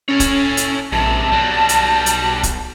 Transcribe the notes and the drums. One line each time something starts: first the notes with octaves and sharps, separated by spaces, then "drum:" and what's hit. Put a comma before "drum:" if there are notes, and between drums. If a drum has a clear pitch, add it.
C#4 A4 C#5
drum: kick, hi-hat
drum: hi-hat
A#1 G#2 C3 A5
B1 G3 F#4
drum: hi-hat
drum: hi-hat
drum: kick, hi-hat